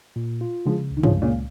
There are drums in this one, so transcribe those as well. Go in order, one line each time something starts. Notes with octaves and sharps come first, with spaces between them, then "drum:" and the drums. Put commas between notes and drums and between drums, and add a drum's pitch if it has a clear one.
A#2
F4
C#3 F3 G#3
C#2
D#3
C#3 F3, drum: tom
C#2
A#2 C#3